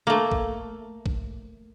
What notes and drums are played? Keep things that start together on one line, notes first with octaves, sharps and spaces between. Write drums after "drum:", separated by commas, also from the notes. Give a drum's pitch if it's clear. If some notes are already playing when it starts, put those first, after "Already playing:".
A3 A#3
drum: kick A#1
drum: kick A#1